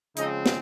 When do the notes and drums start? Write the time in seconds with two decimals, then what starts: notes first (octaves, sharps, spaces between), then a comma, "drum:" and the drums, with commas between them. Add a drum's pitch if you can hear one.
0.17 C#3 F3 G#3 C4 D#4 D#5, drum: hi-hat
0.46 drum: snare